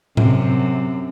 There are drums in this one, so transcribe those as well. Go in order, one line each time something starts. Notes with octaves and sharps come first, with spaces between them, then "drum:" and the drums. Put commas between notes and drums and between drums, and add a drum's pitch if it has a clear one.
F#2 C3, drum: tom A2